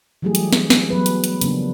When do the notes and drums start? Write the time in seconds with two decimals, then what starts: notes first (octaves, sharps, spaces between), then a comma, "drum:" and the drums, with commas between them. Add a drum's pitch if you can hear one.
0.22 E3 F#3 G3 A3 G4 G#4
0.35 drum: hi-hat
0.53 drum: snare
0.70 drum: snare
0.90 F#3 B3 G#4 B4
1.06 drum: hi-hat
1.24 drum: hi-hat
1.41 C#3 F3 A#3 B3 D4, drum: hi-hat